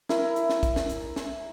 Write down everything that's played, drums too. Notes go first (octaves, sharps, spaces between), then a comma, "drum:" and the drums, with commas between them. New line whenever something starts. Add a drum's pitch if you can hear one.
E4 A#4, drum: snare
drum: hi-hat
drum: snare
drum: kick, hi-hat
drum: snare
drum: hi-hat
drum: snare